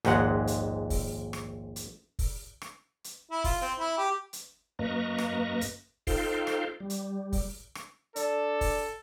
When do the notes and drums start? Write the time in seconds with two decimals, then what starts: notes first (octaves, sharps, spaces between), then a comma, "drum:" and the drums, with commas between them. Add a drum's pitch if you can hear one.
0.05 A#1 D#2 G#2 G#3 F#5, drum: rim click
0.47 drum: hi-hat
0.90 drum: kick, open hi-hat
1.33 drum: rim click
1.76 drum: hi-hat
2.19 drum: kick, open hi-hat
2.62 drum: rim click
3.04 drum: hi-hat
3.31 E4
3.44 F4, drum: kick, open hi-hat
3.62 C4
3.78 E4
3.98 G4
4.33 drum: hi-hat
4.79 F#2 A#3 B4 D#5 A#5 C#6
5.18 drum: rim click
5.61 drum: hi-hat
6.07 D#4 F4 A4 C5 F5 G5, drum: kick, open hi-hat
6.47 drum: rim click
6.80 G3
6.90 drum: hi-hat
7.33 drum: kick, open hi-hat
7.75 drum: rim click
8.16 D4 A4, drum: hi-hat
8.61 drum: kick, open hi-hat